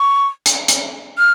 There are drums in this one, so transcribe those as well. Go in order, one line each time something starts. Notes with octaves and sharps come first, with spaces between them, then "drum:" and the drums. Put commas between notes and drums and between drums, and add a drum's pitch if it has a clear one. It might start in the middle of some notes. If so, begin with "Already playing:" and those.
Already playing: C#6
drum: hi-hat
drum: hi-hat
F6